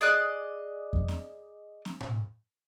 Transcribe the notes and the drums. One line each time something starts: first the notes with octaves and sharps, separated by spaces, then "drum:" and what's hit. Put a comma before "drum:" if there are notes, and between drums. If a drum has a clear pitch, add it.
G#4 D5 D#5 F#6
drum: kick F2
drum: snare C4
drum: snare C4
drum: tom A2